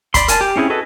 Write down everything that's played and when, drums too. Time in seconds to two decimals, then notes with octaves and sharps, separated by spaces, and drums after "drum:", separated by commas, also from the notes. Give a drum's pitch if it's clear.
0.14 D5 B5 C6, drum: kick, hi-hat
0.28 A#4 G#5 A5, drum: hi-hat
0.41 G4
0.56 C4 C#4 E4 G#4
0.70 F#4 G#4 A4 B4 D#5